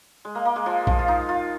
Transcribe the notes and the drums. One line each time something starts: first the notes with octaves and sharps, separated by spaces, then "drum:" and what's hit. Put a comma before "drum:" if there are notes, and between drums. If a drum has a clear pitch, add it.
G#3
A#3
A#3
G#3
F3
F3, drum: kick A#1
F4
D#4
F4